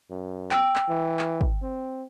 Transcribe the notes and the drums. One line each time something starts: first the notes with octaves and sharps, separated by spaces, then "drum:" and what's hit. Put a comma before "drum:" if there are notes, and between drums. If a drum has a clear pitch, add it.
F#2
G5 E6, drum: clap
drum: clap
E3
drum: clap
drum: kick
C4